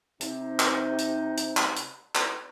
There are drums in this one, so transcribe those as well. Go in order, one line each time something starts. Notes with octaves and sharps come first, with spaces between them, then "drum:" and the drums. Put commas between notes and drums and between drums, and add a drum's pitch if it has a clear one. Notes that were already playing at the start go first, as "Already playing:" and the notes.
C3 D#4, drum: hi-hat
drum: clap
drum: hi-hat
drum: hi-hat
drum: clap
drum: hi-hat
drum: clap